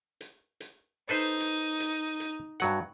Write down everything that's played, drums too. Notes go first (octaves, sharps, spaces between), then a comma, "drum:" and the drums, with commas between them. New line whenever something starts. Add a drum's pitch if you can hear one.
drum: hi-hat
drum: hi-hat
D#4 A4 B4 C5
drum: hi-hat
drum: hi-hat
drum: hi-hat
G2 F#3 F#5, drum: hi-hat